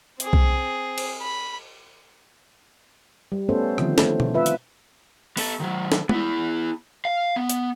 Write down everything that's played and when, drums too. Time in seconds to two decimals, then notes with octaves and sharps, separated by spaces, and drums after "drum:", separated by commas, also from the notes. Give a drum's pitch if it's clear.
0.20 C4 G#4, drum: hi-hat
0.33 drum: kick B1
0.98 drum: cymbal
1.21 B5
3.32 G3
3.49 A3 B3 C#4 A4 C5
3.78 D3 D#3 F3 C4, drum: rim click
3.98 A3 C4, drum: snare
4.20 drum: tom B2
4.34 F4 B4 E5
4.46 drum: hi-hat
5.37 B3 A4, drum: open hi-hat
5.60 D#3 F#3
5.92 drum: snare
6.09 B3 E4, drum: tom
7.05 F5
7.36 B3
7.49 drum: hi-hat